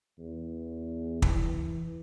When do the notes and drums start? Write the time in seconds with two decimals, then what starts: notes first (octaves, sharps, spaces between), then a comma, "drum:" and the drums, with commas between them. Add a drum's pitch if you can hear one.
0.19 E2
1.22 E3, drum: kick